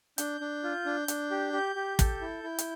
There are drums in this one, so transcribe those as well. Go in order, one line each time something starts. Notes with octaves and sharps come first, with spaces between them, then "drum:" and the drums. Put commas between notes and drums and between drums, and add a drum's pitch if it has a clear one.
D4 G6, drum: hi-hat
D4
F4
D4
D4, drum: hi-hat
G4
G4
G4
A4, drum: kick, hi-hat
E4
E4
drum: hi-hat